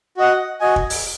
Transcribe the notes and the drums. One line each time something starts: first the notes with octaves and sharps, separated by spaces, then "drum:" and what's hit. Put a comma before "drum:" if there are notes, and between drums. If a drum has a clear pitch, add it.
F#4 D#5 F#5
F#4 D#5 G#5
drum: kick
drum: open hi-hat